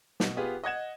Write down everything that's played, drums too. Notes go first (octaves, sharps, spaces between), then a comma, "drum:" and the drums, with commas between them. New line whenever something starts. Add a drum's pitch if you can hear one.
B2, drum: snare
B3 F4 G4 G#4 B4
D#5 F#5 G#6 E7